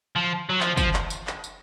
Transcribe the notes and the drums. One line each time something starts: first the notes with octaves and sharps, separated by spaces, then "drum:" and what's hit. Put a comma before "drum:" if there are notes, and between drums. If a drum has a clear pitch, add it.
F3
F#3
F3, drum: clap
F3, drum: kick, tambourine
drum: clap
drum: tambourine
drum: clap
drum: tambourine